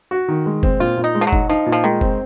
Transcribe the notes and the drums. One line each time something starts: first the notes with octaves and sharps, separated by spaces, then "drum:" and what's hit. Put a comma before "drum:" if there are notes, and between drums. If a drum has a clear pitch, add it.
F#4
D#3
G#3
C4, drum: kick F#1
A#2 F4
A#2
D#4
G#3
F3
F#3
D#4, drum: kick F#1
F3 D#4
A#2
F3
D#3 G#3
C4, drum: kick F#1